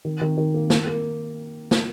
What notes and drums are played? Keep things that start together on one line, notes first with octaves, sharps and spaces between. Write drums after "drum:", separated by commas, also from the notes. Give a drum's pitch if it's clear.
D#3
D#3
D#3
A#3
A#3, drum: snare
A#3
drum: snare